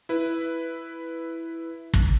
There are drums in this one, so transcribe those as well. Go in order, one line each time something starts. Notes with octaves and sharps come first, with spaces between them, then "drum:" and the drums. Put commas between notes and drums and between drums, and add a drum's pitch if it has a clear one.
E4 B4
drum: kick